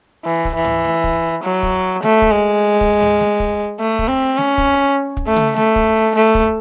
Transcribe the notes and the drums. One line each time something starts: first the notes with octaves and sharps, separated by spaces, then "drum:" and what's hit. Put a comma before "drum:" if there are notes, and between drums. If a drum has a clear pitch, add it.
E3
drum: kick
E3
drum: tom
drum: snare A3
drum: kick
F#3
drum: kick
A3, drum: snare A3
drum: kick
G#3
drum: kick
drum: tom
drum: snare A3
drum: kick
A3
drum: kick
C4
C#4, drum: snare A3
drum: kick
drum: kick
A3
drum: tom C#3
A3, drum: snare A3
drum: kick
A3
drum: kick